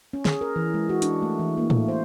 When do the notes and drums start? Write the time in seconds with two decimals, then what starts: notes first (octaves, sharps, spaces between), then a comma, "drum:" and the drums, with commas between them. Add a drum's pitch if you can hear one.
0.13 C#4
0.25 G#4, drum: snare
0.41 A#4
0.56 E3
0.74 G#3
0.89 F#4
1.02 D4, drum: hi-hat
1.22 A3
1.39 E3
1.58 A#3
1.70 A3, drum: tom A2
1.88 C5